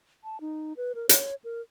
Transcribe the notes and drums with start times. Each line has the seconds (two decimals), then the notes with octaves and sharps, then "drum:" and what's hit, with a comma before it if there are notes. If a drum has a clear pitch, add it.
0.24 A5
0.41 D#4
0.77 B4
0.95 A#4
1.09 C#5, drum: hi-hat
1.44 A#4